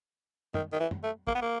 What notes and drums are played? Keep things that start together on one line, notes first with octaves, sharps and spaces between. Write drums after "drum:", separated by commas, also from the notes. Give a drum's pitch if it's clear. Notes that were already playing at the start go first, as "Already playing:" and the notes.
D#3, drum: tom
D#3
E3
drum: tom
A3
A#3, drum: kick
B3
A#3